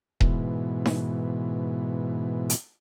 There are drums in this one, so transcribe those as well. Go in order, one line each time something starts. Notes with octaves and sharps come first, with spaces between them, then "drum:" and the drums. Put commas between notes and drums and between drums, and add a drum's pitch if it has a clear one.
G#2 B2 E3, drum: kick D#1
drum: snare D#4
drum: hi-hat